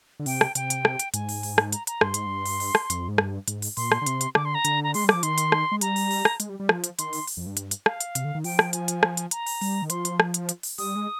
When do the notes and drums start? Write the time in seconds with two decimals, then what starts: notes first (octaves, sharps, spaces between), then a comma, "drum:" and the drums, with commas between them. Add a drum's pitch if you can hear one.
0.20 D3
0.26 C3 G5, drum: open hi-hat
0.41 drum: rim click
0.55 C3 G5, drum: hi-hat
0.70 drum: hi-hat
0.85 drum: rim click
0.99 drum: hi-hat
1.14 G#2 G#5, drum: hi-hat
1.29 drum: open hi-hat
1.43 drum: open hi-hat
1.58 drum: rim click
1.73 A#5, drum: hi-hat
1.87 A#5, drum: hi-hat
2.01 G2 C6, drum: rim click
2.14 G#2, drum: hi-hat
2.26 G2
2.46 drum: open hi-hat
2.60 drum: open hi-hat
2.75 drum: rim click
2.90 F2, drum: hi-hat
3.08 G#2
3.18 G2, drum: rim click
3.48 G#2, drum: hi-hat
3.62 drum: open hi-hat
3.77 A#2 C6, drum: open hi-hat
3.92 drum: rim click
4.02 D3
4.06 C3, drum: hi-hat
4.21 drum: hi-hat
4.35 D3 D6, drum: rim click
4.45 C6
4.55 A#5
4.65 D3, drum: hi-hat
4.84 A#5
4.94 G#3 C6, drum: open hi-hat
5.04 G3
5.09 F3 D6, drum: rim click
5.23 D#3 C6, drum: hi-hat
5.38 drum: hi-hat
5.52 drum: rim click
5.72 G#3
5.81 G3 A#5, drum: hi-hat
5.96 drum: open hi-hat
6.11 drum: open hi-hat
6.25 drum: rim click
6.40 G#3, drum: hi-hat
6.49 G3
6.60 G3
6.69 F3, drum: rim click
6.84 drum: hi-hat
6.99 D#3 C6, drum: hi-hat
7.13 drum: open hi-hat
7.27 drum: open hi-hat
7.37 F2
7.46 G2
7.57 drum: hi-hat
7.71 drum: hi-hat
7.86 F5, drum: rim click
8.01 drum: hi-hat
8.15 C3, drum: hi-hat
8.25 D3
8.35 D#3
8.44 F3 G5, drum: open hi-hat
8.59 drum: rim click
8.73 G#5, drum: hi-hat
8.88 drum: hi-hat
9.03 drum: rim click
9.17 drum: hi-hat
9.31 A#5, drum: hi-hat
9.47 drum: open hi-hat
9.61 G3, drum: open hi-hat
9.82 D#3
9.90 F3 C6, drum: hi-hat
10.05 drum: hi-hat
10.20 drum: rim click
10.34 drum: hi-hat
10.49 drum: hi-hat
10.63 drum: open hi-hat
10.78 G3 D#6, drum: open hi-hat
10.96 G#3